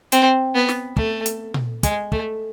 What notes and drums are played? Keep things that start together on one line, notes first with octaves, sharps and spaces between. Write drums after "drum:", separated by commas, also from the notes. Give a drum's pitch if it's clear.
C4, drum: hi-hat
B3
drum: snare
A3, drum: kick
drum: hi-hat
drum: tom A#2
G#3, drum: kick, hi-hat
A3, drum: kick